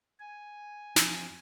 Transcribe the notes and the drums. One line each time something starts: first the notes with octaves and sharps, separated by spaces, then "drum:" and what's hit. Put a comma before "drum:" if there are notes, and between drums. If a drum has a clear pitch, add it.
G#5
F2, drum: snare